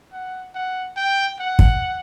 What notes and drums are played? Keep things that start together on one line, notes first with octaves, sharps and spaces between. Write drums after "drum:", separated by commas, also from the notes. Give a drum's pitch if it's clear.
F#5
F#5
G5
F#5
drum: kick